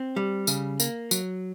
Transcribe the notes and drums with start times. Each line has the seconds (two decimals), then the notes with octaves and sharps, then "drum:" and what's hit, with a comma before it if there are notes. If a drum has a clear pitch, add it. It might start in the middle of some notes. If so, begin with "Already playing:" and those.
Already playing: C4
0.16 G3
0.47 C#3, drum: tambourine
0.80 A#3, drum: tambourine
1.11 F#3, drum: tambourine